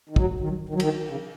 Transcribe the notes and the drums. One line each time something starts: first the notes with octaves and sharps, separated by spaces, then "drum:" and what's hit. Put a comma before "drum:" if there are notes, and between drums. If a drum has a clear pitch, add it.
D#3
F#3, drum: kick
D#3
F#3
D#3
F#3
D#3, drum: cymbal
C#3